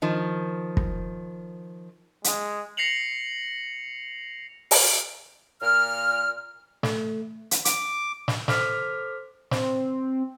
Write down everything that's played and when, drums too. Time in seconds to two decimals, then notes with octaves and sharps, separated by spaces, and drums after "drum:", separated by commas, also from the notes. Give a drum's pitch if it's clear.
0.02 D#3 F3
0.77 drum: kick
2.24 G#3, drum: hi-hat
2.77 A#6 C7 C#7 F7 F#7
4.71 drum: open hi-hat
5.62 A#2 F6
6.83 A3, drum: snare
7.51 drum: hi-hat
7.65 D6, drum: hi-hat
8.28 drum: snare
8.48 A4 C5 D6 F6 B6, drum: snare
9.51 C4, drum: snare